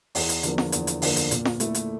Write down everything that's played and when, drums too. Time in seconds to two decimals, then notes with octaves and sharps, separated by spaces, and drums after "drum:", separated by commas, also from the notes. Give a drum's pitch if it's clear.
0.15 E2, drum: open hi-hat
0.29 drum: hi-hat
0.43 D3 F3 A#3, drum: hi-hat
0.58 drum: snare F4
0.72 E2, drum: hi-hat
0.87 drum: hi-hat
1.02 D3 F3 A#3, drum: open hi-hat
1.16 drum: hi-hat
1.31 A#2, drum: hi-hat
1.45 drum: snare F4
1.60 A3 E4 A4, drum: hi-hat
1.75 drum: hi-hat